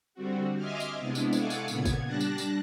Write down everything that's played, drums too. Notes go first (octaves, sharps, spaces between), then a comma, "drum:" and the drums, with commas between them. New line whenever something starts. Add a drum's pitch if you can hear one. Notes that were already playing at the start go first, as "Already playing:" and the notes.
D3 G3 C4 F#4
D#5 E5 G#5 C6 D6 F6
drum: tambourine
C3 G#3 B3 D4 E4
drum: tambourine
A4 F5 F#5 G#5 C#6 D6, drum: tambourine
drum: tambourine
A#2 C#3 B3 G#6, drum: tambourine
drum: kick, tambourine
G3 D4 A5 F#6 A#6
drum: tambourine
drum: tambourine